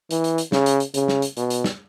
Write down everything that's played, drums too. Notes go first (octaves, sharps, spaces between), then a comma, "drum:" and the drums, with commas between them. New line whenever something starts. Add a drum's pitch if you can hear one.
E3, drum: hi-hat
drum: hi-hat
drum: hi-hat
C#3, drum: snare
drum: hi-hat
drum: hi-hat
C#3, drum: hi-hat
drum: snare
drum: hi-hat
B2, drum: hi-hat
drum: hi-hat
drum: snare